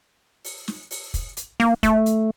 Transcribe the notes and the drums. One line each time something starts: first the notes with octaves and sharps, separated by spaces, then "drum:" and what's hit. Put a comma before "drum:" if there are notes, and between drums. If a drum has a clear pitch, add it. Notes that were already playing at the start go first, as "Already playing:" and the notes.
drum: open hi-hat
drum: snare
drum: open hi-hat
drum: kick, hi-hat
drum: hi-hat
A#3, drum: snare
A3, drum: kick, hi-hat
drum: hi-hat